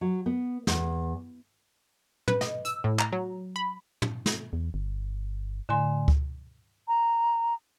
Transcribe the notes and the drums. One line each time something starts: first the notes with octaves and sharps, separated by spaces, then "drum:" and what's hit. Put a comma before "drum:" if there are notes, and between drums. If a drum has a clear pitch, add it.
F#3
B3
E2, drum: snare
B4, drum: tom
D#5, drum: snare
E6, drum: hi-hat
A2
A#5, drum: clap
F#3
B5
drum: tom
drum: snare
E2
G1
A2 D3 G#5 C6
drum: kick C#2
A#5